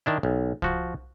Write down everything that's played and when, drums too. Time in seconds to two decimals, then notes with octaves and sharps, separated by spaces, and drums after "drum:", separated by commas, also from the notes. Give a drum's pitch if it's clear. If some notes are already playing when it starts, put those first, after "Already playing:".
0.06 D#3 D4 E4
0.23 B1
0.62 F3 F#4, drum: kick C2